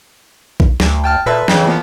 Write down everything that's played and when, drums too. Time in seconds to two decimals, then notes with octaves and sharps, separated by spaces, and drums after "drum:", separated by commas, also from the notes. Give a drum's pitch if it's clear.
0.60 drum: kick A#1
0.80 D2, drum: snare
1.04 G5 A5 F6
1.26 A#2 A4 B4 E5
1.48 F2 C#3 E3, drum: snare
1.65 F3 A#3 B3